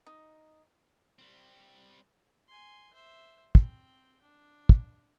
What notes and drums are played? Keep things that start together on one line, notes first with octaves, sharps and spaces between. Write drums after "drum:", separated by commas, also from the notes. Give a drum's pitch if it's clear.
D#4
G3 C4
G#5 C6
C5 E5
C4 G5, drum: kick
D4
drum: kick